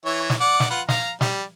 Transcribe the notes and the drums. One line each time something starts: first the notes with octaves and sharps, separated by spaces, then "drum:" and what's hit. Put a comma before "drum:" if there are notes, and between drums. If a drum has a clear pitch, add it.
E3 C#5 E5
drum: snare
D5 F#5 D6
drum: snare
F4 B4 F#5
F5 A#5, drum: snare
G3, drum: snare